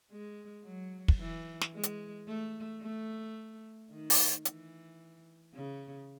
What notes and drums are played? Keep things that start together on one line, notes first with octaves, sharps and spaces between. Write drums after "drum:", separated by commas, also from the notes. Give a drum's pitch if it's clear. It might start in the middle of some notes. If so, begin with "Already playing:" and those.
G#3
F#3
drum: kick
E3
drum: snare
G#3
drum: hi-hat
A3
A3
D#3
drum: open hi-hat
E3, drum: hi-hat
C#3